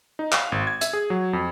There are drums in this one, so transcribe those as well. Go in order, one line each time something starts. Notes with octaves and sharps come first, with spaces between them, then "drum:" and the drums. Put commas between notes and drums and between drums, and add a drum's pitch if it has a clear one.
D#4
F5, drum: clap
G#1
G#6
E5, drum: hi-hat
G#4
F#3
F2